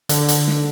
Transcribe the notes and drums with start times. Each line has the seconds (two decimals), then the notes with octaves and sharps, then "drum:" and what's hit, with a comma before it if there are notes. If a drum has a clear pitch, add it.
0.09 D3, drum: hi-hat
0.28 drum: hi-hat
0.48 drum: snare